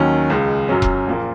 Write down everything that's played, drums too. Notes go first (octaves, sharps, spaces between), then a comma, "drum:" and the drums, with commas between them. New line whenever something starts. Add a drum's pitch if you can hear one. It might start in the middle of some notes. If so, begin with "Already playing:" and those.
Already playing: D#2 D#3 F#3 C#4
C#2 C#3 G#3
F#2 F#3 C#4
drum: kick E1
A#1 A#2 A#3